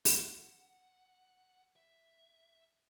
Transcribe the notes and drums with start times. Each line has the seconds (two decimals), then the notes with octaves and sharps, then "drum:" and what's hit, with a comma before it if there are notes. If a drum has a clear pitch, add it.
0.05 F#5, drum: open hi-hat
1.76 E5